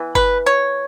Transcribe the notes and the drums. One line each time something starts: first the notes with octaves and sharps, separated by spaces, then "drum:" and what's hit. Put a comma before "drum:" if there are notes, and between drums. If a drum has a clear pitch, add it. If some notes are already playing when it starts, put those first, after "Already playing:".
Already playing: E3 B3
B4, drum: kick G1
C#5